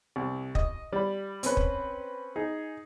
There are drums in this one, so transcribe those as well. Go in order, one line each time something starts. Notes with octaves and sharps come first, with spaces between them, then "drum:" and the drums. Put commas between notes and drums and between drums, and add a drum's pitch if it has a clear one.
C2
D#5, drum: kick
G3 B5
C4 C#4 B4, drum: hi-hat
drum: kick
D#4 G#4